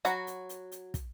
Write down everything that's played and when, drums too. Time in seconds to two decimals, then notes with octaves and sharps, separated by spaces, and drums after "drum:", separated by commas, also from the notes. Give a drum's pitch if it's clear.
0.05 F#3 F#4 A#5 B5, drum: hi-hat
0.27 drum: hi-hat
0.49 drum: hi-hat
0.72 drum: hi-hat
0.94 drum: kick, hi-hat